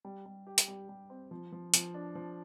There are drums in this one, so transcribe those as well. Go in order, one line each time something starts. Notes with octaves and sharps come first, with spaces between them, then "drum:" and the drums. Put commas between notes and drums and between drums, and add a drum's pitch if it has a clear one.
G3
G3
G4
drum: hi-hat
G3
G3
C4
F3
F3
F3, drum: hi-hat
D4
F3